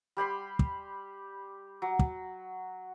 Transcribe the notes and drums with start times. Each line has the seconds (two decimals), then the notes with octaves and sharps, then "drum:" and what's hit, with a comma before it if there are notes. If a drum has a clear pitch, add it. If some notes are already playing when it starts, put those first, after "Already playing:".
0.17 G3 G4 B5 C6
0.59 drum: kick
1.82 F#3
1.99 drum: kick